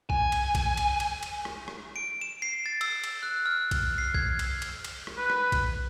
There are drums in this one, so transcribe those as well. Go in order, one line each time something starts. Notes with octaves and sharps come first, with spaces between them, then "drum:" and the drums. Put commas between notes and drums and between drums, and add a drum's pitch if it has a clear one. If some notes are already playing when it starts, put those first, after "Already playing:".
G#5, drum: kick B1
drum: cymbal
drum: kick B1, cymbal
drum: cymbal
drum: cymbal
drum: cymbal
drum: rim click
drum: rim click
D7
E7
C7
A6
E6, drum: cymbal
drum: cymbal
F#6
F6
drum: kick B1, cymbal
C7
G#6, drum: kick B1
drum: cymbal
drum: cymbal
drum: cymbal
drum: rim click
B4
drum: rim click
drum: kick B1, cymbal